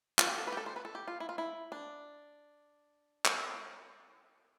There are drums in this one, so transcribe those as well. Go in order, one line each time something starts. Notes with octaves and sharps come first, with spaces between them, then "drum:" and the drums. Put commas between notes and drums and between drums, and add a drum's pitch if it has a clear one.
F4, drum: clap
G4
A4
B4
G4
A4
C5
B4
A4
G4
F4
E4
F4
E4
D4
drum: clap